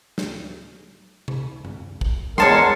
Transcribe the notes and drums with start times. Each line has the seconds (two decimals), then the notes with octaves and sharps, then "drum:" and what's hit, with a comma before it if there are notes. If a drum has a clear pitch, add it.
0.18 drum: snare
1.28 drum: tom C3
1.65 drum: tom F#2
2.01 drum: kick
2.38 E2 G#3 A#4 C#5 A5 C6, drum: snare